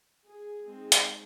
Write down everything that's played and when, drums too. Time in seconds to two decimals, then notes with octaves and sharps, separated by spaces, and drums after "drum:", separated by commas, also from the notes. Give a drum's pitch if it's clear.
0.25 G#4
0.65 G#3 C4 D#4
0.92 drum: hi-hat